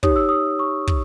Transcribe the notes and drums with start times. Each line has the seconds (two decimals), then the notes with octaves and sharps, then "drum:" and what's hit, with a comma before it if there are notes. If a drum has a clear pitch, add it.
0.03 D#4 G4 C#5 D#6, drum: kick
0.16 E6
0.29 D#6
0.59 C#6
0.87 drum: kick